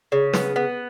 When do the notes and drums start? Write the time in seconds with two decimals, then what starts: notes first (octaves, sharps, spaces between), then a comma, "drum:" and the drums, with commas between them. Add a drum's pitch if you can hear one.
0.12 C#3
0.33 B3, drum: snare
0.56 B3